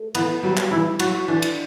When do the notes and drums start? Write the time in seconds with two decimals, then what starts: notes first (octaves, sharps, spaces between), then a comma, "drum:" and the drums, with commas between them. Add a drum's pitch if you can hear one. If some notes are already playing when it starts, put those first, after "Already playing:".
Already playing: A3
0.15 E3 B3, drum: cymbal
0.43 F#3 G3
0.57 drum: clap
0.71 E3 E4
0.99 F#3 F#4, drum: cymbal
1.28 E3 D4
1.42 drum: cymbal